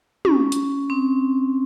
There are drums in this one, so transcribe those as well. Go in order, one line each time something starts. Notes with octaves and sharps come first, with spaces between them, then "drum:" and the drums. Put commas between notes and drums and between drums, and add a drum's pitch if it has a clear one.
C#4, drum: tom
drum: hi-hat
C4